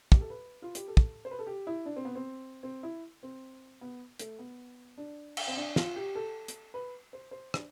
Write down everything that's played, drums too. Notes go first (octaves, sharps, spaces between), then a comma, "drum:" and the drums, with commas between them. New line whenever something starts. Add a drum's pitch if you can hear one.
G4, drum: kick
A4
B4
F4
G4, drum: hi-hat
A4
drum: kick
C5
B4
A4
G4
E4
D4
C4
B3
C4
C4
E4
C4
B3
A3, drum: hi-hat
B3
D4
drum: cymbal
C4
D4
F4, drum: snare
G4
A4
drum: hi-hat
B4
C5
C5
D4, drum: rim click